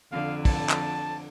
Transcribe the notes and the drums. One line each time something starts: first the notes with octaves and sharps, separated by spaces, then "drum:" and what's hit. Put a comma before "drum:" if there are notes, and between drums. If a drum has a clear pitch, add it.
F2 D3 F5
A5, drum: kick, open hi-hat
drum: clap